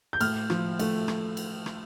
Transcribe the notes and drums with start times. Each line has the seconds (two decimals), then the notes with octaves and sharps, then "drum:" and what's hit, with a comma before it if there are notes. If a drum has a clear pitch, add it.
0.13 G6
0.21 A2 F6, drum: cymbal
0.50 F3, drum: rim click
0.79 A3, drum: cymbal
1.08 drum: rim click
1.37 drum: cymbal
1.66 drum: rim click